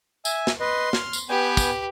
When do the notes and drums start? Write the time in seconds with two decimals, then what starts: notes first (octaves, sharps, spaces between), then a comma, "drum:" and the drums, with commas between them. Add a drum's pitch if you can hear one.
0.25 E5 G#5, drum: tambourine
0.47 drum: snare
0.60 B4 D#5 C6
0.93 F6, drum: snare
1.13 drum: tambourine
1.29 B3 G4 B4 G5 G#5
1.57 drum: kick, tambourine